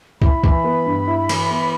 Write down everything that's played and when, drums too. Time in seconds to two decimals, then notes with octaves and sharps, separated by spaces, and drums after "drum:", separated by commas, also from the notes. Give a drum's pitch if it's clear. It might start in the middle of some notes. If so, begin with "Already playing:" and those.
0.22 E4 B5, drum: kick
0.44 E3, drum: kick
0.64 B3
0.86 G2
1.07 E4
1.29 E3, drum: cymbal
1.51 B3